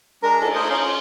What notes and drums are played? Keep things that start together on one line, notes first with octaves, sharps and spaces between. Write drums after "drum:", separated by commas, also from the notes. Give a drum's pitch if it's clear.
G#3 D4 A#4 A#5
A4, drum: cymbal
A3 G#4 A#4 C5
C#4 D#4 C5 F5
F4